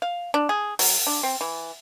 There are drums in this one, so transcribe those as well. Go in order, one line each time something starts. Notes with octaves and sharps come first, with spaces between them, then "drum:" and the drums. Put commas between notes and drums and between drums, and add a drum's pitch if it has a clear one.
F5
D4
G#4
F#3, drum: open hi-hat
D4
C4
E3